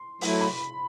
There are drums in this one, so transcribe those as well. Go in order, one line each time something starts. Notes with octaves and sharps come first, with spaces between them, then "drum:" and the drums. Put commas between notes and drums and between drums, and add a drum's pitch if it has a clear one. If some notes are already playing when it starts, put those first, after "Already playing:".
Already playing: C6
F#3 A3 E4, drum: open hi-hat
B5